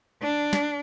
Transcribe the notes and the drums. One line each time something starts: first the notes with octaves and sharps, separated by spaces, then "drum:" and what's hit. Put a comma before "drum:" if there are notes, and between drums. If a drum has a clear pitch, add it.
D4
drum: snare